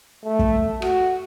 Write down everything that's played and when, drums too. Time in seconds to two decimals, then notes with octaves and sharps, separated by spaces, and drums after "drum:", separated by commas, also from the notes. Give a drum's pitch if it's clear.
0.24 A3
0.39 drum: kick
0.82 F#4, drum: rim click